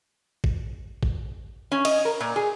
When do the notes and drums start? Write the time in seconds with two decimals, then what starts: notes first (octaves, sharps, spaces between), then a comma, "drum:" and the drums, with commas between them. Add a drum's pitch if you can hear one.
0.44 drum: kick
1.03 drum: kick
1.72 C#4
1.85 D#5, drum: cymbal
2.05 A#4
2.20 A#2
2.36 G#4